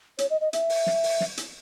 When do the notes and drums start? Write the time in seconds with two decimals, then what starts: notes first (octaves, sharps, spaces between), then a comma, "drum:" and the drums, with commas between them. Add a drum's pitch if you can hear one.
0.18 C#5, drum: hi-hat
0.30 D#5
0.41 D#5
0.53 E5, drum: hi-hat
0.70 drum: open hi-hat
0.87 drum: snare
1.03 drum: open hi-hat
1.20 drum: snare
1.37 drum: hi-hat